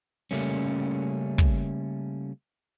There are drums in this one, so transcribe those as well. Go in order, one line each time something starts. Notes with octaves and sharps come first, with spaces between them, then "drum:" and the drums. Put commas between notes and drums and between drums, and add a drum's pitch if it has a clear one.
C#3 G3 A3 A#3 C#4
drum: kick